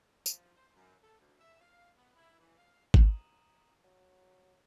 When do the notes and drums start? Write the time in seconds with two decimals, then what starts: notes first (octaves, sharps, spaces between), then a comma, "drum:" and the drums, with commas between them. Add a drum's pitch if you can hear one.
0.26 F3, drum: tambourine
0.56 C5
0.74 F#2
1.03 A4
1.19 D2
1.39 E5
1.61 F5
1.98 B3
2.16 E4
2.39 E3
2.58 F5
2.94 A#5 D#6 D#7 E7 F#7, drum: kick G#1
3.84 F#3